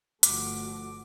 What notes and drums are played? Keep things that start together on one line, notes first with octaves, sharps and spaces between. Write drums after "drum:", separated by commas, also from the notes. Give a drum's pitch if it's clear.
G1 F3 A3 F#4 D6, drum: hi-hat